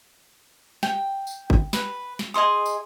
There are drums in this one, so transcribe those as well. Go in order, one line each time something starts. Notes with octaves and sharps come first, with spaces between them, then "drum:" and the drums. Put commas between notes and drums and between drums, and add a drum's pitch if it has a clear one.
G5, drum: snare
drum: tambourine
drum: kick G1
B4, drum: snare
drum: snare
G#4 D#5 C6 D#6
drum: tambourine